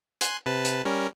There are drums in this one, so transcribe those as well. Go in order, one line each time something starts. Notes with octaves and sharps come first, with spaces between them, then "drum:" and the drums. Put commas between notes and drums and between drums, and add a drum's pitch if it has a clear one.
G#5 C6 F#6, drum: hi-hat
C3 B4 A5
drum: hi-hat
G3 C#4 A#4